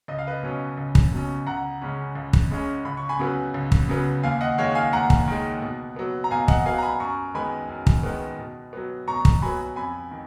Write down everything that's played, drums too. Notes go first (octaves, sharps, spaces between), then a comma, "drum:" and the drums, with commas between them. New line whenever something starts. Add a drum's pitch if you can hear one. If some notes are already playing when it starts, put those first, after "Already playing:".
C#2 D#5
F5
B4 D#5
B2 F#3 C#4
C#2
drum: kick
B2 F#3 C#4
C#2 F#5 A#5
C#3 G#3 C#4
C#2
drum: kick
C#3 G#3 C#4
C#2 B5
C#6
G#5 B5
C#3 F#3 B3
C#2
drum: kick
C#3 F#3 B3
D#2 F5 G#5
D#5 F#5
D#3 G#3 C#5 F5
F5 G#5
D#2 F#5 A#5
drum: kick
D#3 G#3
B2
F#3 B3
A#5
B2 F5 G#5
D#5 F#5, drum: kick
F#3 B3 F5 G#5
A#5
G#5 B5
F#2 A#5 C#6
D#3 G#3 B3 G#5 B5
F#2
drum: kick
D#3 G#3 B3
B2
F#3 B3
B2 A#5 C#6
drum: kick
F#3 B3 G#5 B5
F2 G#5 B5
D#3